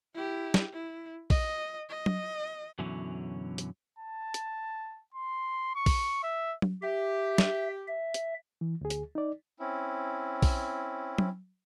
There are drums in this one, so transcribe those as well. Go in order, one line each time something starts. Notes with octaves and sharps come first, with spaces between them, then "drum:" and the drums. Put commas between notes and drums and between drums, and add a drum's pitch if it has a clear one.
E4 G4
drum: snare
E4
D#5, drum: kick A#1, open hi-hat
D#5
drum: tom F#3
F#2 B2 D3 E3 F#3 C#4
drum: hi-hat
A5
drum: hi-hat
C6
C#6
drum: kick A#1, open hi-hat
E5
drum: tom F#3
G4 E5
drum: snare
E5
drum: hi-hat
E3
D2 G#4
drum: hi-hat
D#4 D5
C4 C#4 E4
drum: kick A#1, open hi-hat
drum: tom F#3